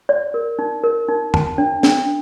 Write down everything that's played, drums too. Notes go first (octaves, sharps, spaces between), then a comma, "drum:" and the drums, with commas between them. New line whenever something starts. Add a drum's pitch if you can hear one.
D5
A#4
D#4
A#4
D#4
A5, drum: tom
D4
D4, drum: snare